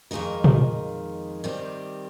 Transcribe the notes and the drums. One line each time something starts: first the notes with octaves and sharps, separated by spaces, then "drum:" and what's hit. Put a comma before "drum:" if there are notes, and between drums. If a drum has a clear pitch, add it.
F2 D#3 G#3 D#4 A#4
drum: tom A#2
C3 D#3 G3 C4